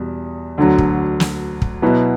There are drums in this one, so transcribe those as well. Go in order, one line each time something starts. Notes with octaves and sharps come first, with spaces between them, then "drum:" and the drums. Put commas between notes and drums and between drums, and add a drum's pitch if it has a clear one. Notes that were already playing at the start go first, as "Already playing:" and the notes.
Already playing: E2 B2 G3
D2 D3 F#3
drum: kick
drum: snare
drum: kick
B2 F#3 B3 E4